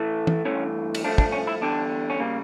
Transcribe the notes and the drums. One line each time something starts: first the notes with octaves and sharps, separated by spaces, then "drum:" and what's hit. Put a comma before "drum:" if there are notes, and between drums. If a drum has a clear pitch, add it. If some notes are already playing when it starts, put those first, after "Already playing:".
Already playing: A2 E3 A3
drum: tom
G2 E3 A3 C#4
drum: cymbal
G2 F3 A3 D4
D4, drum: kick
C#4
E4
E2 D3 G3 D4
C#4
C#3 G3 A#3